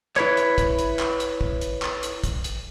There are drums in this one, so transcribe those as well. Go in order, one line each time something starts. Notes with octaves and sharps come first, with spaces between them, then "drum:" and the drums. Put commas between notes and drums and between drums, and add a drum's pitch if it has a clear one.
E4 B4 C#5, drum: clap
drum: hi-hat
drum: kick, hi-hat
drum: hi-hat
drum: clap
drum: hi-hat
drum: kick
drum: hi-hat
drum: clap
drum: hi-hat
drum: kick, hi-hat
drum: hi-hat